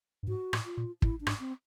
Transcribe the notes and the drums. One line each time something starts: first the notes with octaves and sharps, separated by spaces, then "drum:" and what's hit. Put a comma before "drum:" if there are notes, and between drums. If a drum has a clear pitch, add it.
G2
G#2 F#4
A2, drum: rim click
F4
A#2
A2 E4, drum: kick
D4
G#2, drum: rim click
C4